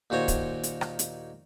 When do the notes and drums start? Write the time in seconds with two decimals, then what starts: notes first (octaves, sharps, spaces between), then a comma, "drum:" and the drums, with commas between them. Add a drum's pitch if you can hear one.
0.10 D#2 A#2 F#4 C5 C#5
0.28 drum: kick, hi-hat
0.63 drum: hi-hat
0.81 drum: rim click
0.99 drum: hi-hat